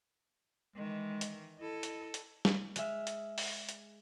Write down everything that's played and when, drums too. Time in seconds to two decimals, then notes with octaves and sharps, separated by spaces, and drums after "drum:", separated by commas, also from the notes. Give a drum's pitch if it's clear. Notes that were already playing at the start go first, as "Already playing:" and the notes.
0.76 D#3 E3 G#3
1.21 drum: hi-hat
1.60 E4 A4 D#5
1.83 drum: hi-hat
2.14 drum: hi-hat
2.45 drum: snare
2.76 G#3 G#4 E5 F6, drum: hi-hat
3.07 drum: hi-hat
3.38 drum: open hi-hat
3.69 drum: hi-hat